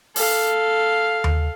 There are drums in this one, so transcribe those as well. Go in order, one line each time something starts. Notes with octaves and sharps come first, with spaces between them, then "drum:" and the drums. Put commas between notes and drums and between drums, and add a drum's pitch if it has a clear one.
A4 F5, drum: open hi-hat
drum: tom D#2